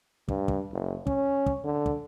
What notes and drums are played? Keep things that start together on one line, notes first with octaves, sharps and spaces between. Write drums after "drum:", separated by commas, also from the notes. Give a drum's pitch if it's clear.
G2, drum: kick
drum: kick
F#1
C#4, drum: kick
drum: kick
D3
drum: kick